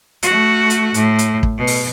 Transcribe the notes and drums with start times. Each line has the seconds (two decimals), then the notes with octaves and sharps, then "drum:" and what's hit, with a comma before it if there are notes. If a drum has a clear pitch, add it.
0.23 A3 F#4, drum: hi-hat
0.70 drum: hi-hat
0.94 A2, drum: hi-hat
1.19 drum: hi-hat
1.43 drum: kick
1.57 B2
1.67 drum: open hi-hat